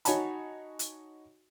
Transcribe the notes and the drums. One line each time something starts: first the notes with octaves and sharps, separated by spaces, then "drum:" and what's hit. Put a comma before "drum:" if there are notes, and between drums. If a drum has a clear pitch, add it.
D#4 F#4 C#5 G#5 A5 B5, drum: hi-hat
drum: hi-hat